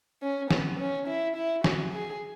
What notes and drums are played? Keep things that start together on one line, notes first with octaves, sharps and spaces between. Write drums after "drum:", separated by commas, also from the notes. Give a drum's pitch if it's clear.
C#4
B3, drum: snare
C#4
E4
E4
F#4, drum: snare
G#4